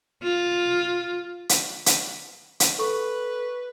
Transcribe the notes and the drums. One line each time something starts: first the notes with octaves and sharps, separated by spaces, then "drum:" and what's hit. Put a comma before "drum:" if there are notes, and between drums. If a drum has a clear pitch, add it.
F4
drum: hi-hat
drum: hi-hat
drum: hi-hat
A4 B4 C#6